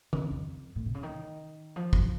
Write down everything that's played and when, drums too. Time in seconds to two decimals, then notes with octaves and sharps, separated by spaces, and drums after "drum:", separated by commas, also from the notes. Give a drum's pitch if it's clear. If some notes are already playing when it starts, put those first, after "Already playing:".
0.13 C#3, drum: tom D#3
0.31 F2
0.76 A2
0.86 C3
0.94 C#3
1.03 D#3
1.76 F3
1.93 drum: kick